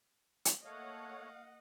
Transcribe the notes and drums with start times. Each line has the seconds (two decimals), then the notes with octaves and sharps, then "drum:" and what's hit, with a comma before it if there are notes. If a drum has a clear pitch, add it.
0.45 drum: hi-hat
0.65 A3 A#3 C#5 D#5 F5 F#5